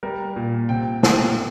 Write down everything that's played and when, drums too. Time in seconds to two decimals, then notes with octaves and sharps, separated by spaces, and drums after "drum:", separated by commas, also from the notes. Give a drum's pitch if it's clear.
0.03 G3 A#4
0.36 A#2
0.69 C3 G5
1.03 C3, drum: snare